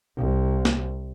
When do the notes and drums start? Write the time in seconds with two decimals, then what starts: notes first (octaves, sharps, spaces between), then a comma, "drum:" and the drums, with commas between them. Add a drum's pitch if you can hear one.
0.17 C2
0.65 drum: snare